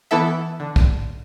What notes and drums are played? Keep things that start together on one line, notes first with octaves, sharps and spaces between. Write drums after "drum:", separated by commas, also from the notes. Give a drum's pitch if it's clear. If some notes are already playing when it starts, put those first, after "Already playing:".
E3 B3 E4 A4 E5
D3
drum: kick B1